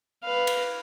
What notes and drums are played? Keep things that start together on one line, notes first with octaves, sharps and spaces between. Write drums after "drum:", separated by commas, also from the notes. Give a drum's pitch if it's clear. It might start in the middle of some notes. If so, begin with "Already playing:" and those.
B4 F5
drum: cymbal